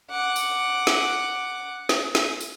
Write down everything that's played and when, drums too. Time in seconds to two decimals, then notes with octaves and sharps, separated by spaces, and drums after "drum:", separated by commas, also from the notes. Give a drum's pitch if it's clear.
0.10 F#5 D6
0.36 drum: tambourine
0.87 drum: snare
1.89 drum: snare
2.15 drum: snare
2.40 drum: tambourine